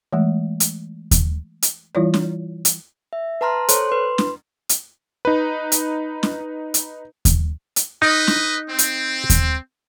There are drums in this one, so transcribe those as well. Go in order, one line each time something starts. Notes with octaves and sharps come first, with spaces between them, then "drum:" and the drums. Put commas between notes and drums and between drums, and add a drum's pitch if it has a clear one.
E3 G#3 A3
drum: hi-hat
drum: kick D#2, hi-hat
drum: hi-hat
E3 G3 E4 F4 C#5 D5
drum: snare
drum: hi-hat
E5
B4 A5 A#5 C6 F6
A4 C5 C#5 C6 F#6, drum: hi-hat
B4 C6
drum: snare
drum: hi-hat
D#4 B4
drum: hi-hat
drum: snare
drum: hi-hat
drum: kick D#2, hi-hat
drum: hi-hat
D#4 B4 D#5
drum: snare
C4
drum: hi-hat
drum: kick D#2, hi-hat